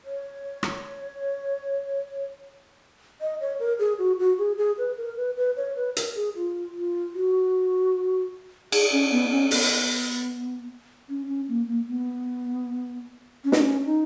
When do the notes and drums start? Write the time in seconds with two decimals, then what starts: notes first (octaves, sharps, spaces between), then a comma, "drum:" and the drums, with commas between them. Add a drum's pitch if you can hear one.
0.05 C#5
0.63 drum: rim click
3.21 D#5
3.41 C#5
3.60 A#4
3.79 G#4
3.99 F#4
4.19 F#4
4.39 G#4
4.58 G#4
4.78 B4
4.97 A#4
5.17 B4
5.37 B4
5.56 C#5
5.76 B4
5.96 A#4, drum: hi-hat
6.16 G#4
6.35 F4
6.75 F4
7.14 F#4
8.72 G#4, drum: cymbal
8.92 C#4
9.11 B3
9.32 C#4
9.51 B3, drum: open hi-hat
11.09 C#4
11.27 C#4
11.48 A#3
11.67 A#3
11.88 B3
13.44 C#4
13.52 D#4, drum: snare
13.60 C#4
13.85 D#4